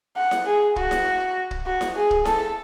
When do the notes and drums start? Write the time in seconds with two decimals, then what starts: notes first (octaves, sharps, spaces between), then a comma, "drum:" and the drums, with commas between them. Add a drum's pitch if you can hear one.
0.17 F#5
0.31 drum: snare E4
0.46 G#4
0.76 F#4, drum: kick
0.91 drum: snare E4
1.51 drum: kick
1.66 F#4
1.81 drum: snare E4
1.96 G#4
2.11 drum: kick
2.25 A4, drum: snare E4